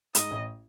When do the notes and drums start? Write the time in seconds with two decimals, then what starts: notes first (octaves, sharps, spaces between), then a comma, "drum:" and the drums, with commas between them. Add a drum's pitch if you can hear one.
0.15 G#2 D#5, drum: hi-hat
0.31 A1